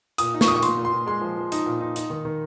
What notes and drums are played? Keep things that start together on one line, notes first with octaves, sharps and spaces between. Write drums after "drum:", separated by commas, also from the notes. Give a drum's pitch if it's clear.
A#2 D#6, drum: hi-hat
D#4
C#6, drum: snare
A#2 D#6
C#6
A#2 C6, drum: hi-hat
A#2
C6
A#2
G#3 C6
F3
F3
D#4, drum: hi-hat
A#2
D#4
D#4, drum: hi-hat
D#3
D#3